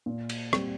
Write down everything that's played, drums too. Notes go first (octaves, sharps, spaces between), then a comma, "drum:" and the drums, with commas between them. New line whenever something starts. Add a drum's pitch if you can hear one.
A#2
drum: cymbal
G3 C4, drum: rim click